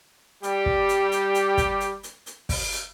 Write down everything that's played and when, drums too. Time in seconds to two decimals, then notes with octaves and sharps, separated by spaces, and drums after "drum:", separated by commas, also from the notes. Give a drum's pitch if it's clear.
0.43 G3 G4, drum: hi-hat
0.66 drum: kick
0.89 drum: hi-hat
1.12 drum: hi-hat
1.35 drum: hi-hat
1.57 drum: kick, hi-hat
1.80 drum: hi-hat
2.03 drum: hi-hat
2.26 drum: hi-hat
2.49 drum: kick, open hi-hat
2.72 drum: hi-hat